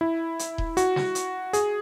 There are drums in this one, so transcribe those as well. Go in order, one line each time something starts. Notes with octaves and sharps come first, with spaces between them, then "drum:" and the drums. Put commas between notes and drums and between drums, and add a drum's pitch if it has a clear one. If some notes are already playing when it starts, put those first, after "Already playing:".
E4
drum: hi-hat
drum: kick D#1
F#4, drum: hi-hat
drum: snare
drum: hi-hat
G#4, drum: hi-hat